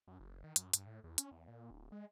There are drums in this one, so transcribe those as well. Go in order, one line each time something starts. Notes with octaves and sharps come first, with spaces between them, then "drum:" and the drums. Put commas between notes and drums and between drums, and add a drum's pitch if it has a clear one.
F#2
F#1
D#3
F#2, drum: hi-hat
G2, drum: hi-hat
A2
E2
C#4, drum: hi-hat
E2
A#2
D1
G#3